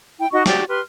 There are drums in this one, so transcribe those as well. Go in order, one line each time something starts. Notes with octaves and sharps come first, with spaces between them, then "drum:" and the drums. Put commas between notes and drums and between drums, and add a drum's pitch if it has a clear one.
E4 G5
D#4 F#4 D#5 C#6
F#4 G4 D5, drum: snare
G4 B4 C6 F6